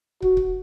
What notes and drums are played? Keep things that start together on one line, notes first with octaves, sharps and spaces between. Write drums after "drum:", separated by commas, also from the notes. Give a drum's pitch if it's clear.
F#4, drum: kick
drum: kick